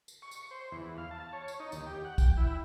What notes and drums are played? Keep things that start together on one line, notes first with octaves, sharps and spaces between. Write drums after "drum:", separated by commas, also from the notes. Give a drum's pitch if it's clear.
drum: tambourine
C#6
drum: tambourine
C5
E2
F5
A5
C#5
drum: tambourine
D#4
D#2, drum: tambourine
G4
F#5
G5, drum: kick, tambourine
E4